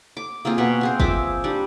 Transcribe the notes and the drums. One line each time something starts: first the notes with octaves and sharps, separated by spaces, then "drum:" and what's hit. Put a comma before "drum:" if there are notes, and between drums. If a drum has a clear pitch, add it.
D6
A#3 C4 F4 G#4
B2 A#3 F#4 C#6
C4 G#4 C5
F3 G#4 E5 D6, drum: kick
G3 D4